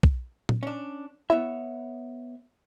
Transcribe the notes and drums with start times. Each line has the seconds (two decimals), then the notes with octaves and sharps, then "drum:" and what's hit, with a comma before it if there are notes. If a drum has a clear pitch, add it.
0.03 drum: kick
0.49 drum: tom A#2
0.63 C#4 D4
1.30 B3 E4 C#5 E5